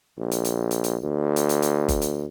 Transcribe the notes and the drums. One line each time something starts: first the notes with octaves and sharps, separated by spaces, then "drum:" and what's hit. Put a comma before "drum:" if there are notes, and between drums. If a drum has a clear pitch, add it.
A#1
drum: hi-hat
drum: hi-hat
drum: hi-hat
drum: hi-hat
D2
drum: hi-hat
drum: hi-hat
drum: hi-hat
drum: kick G1, hi-hat
drum: hi-hat